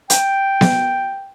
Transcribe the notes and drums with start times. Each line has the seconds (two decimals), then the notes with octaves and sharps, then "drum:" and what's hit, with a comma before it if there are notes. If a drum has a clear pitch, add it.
0.10 G5, drum: hi-hat
0.61 drum: snare B3